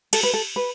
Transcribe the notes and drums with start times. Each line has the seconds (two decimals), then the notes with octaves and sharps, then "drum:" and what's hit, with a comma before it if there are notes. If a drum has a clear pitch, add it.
0.13 A4, drum: cymbal
0.23 B4
0.34 A4
0.56 B4